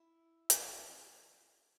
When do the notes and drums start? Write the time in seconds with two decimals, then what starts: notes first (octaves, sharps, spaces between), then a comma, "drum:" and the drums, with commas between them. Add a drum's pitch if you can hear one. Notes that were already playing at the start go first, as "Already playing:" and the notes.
Already playing: E4
0.50 D4, drum: hi-hat
0.63 F4
0.76 G4
0.89 F4